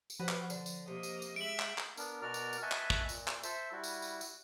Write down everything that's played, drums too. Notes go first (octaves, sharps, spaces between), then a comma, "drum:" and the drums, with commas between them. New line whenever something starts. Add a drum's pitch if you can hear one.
drum: tambourine
F3 F#4 B4 F#5
drum: clap
D3, drum: tambourine
drum: tambourine
C3 A#3 D#5
drum: tambourine
drum: tambourine
G#3 E5 D7 F#7
drum: clap
drum: clap
B3 D4 A#4, drum: tambourine
B2 F#4 A#4 D5 F6
drum: tambourine
drum: tambourine
B4 D#5 E5 G#5 A5 C#6
drum: clap
drum: kick
A#2, drum: tambourine
drum: clap
A4 C5 E5, drum: tambourine
G3 E4 F#4
drum: tambourine
drum: tambourine
drum: tambourine